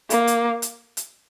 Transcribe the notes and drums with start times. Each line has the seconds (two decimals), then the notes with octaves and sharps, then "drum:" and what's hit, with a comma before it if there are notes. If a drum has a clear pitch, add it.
0.10 A#3, drum: hi-hat
0.27 drum: hi-hat
0.62 drum: hi-hat
0.97 drum: hi-hat